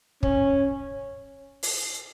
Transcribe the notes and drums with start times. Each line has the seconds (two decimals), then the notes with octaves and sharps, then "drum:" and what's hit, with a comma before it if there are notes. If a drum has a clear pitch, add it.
0.23 C#4, drum: kick
1.63 drum: open hi-hat